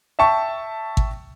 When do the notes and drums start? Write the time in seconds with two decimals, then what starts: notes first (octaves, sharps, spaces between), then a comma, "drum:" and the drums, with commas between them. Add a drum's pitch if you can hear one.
0.19 E5 G5 A5 C#6
0.97 drum: kick G#1